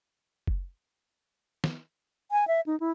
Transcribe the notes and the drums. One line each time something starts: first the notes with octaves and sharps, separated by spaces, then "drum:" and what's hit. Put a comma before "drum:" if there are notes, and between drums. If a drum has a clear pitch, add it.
drum: kick F#1
drum: snare
G#5
E5
D#4
E4